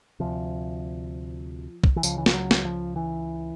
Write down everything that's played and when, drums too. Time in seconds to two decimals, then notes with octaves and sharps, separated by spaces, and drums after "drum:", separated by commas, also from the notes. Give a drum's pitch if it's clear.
0.20 D2 C3 F3
1.84 drum: kick B1
1.96 E3
2.03 C#2 C#3 F3, drum: tambourine
2.18 E3
2.26 F3, drum: snare
2.34 F#3
2.51 drum: snare
2.65 F3
2.96 E3